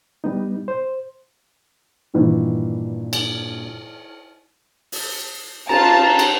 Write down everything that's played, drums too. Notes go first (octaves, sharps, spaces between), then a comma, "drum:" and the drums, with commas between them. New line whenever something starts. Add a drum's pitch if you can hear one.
G3 B3 D#4
C5
G2 A#2 D#3 E3
drum: cymbal
drum: open hi-hat
F4 A5 A#5, drum: cymbal
drum: cymbal